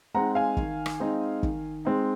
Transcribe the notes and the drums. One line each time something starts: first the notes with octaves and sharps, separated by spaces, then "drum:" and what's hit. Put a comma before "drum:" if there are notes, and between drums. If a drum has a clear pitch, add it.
G#3 C4 D#4 F#5 A#5
F5 G#5
D#3, drum: kick
drum: rim click
G#3 C4 D#4
D#3, drum: kick
G#3 C4 D#4